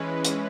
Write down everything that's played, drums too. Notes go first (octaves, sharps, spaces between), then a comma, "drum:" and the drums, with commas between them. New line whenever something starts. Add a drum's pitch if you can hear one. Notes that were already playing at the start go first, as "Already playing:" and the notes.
Already playing: E3 G#3 C#4 B4
drum: hi-hat